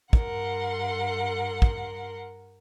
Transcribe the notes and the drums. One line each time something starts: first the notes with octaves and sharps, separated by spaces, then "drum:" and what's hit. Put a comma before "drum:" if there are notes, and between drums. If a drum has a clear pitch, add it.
G2 A#4 F#5 C6, drum: kick
drum: kick